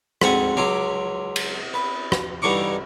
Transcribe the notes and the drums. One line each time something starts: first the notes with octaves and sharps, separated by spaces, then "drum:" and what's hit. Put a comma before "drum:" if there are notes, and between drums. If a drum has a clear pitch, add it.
D2 G#2 C4 A4 F#5 G#5, drum: rim click
C#2 F#3 G#5 C6 D6
drum: cymbal
B4
drum: rim click
G2 D3 E3 D#4 C#6 D6